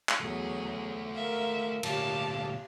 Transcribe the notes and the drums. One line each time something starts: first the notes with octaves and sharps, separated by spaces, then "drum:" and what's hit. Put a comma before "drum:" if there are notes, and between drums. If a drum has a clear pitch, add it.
drum: clap
E2 F#3 A3 F#4 G#4
A#4 E5 F5
D2 A#2 G4 F5 A5, drum: cymbal